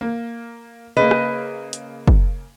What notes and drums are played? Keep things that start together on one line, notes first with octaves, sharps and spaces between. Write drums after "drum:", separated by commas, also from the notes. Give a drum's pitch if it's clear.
A#3
C#3 A#3 B4 D#5
drum: rim click
drum: hi-hat
drum: kick